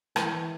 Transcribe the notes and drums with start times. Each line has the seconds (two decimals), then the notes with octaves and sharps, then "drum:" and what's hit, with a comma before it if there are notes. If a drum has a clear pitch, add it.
0.16 E3, drum: rim click